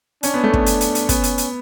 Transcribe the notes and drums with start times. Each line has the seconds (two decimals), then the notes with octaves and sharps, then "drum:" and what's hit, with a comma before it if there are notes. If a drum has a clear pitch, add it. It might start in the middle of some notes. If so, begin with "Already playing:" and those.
0.23 C#4 D4, drum: hi-hat
0.34 B3
0.44 A3
0.53 B3, drum: kick
0.66 drum: hi-hat
0.81 drum: hi-hat
0.95 drum: hi-hat
1.09 B3 C#4, drum: kick, hi-hat
1.23 drum: hi-hat
1.38 drum: hi-hat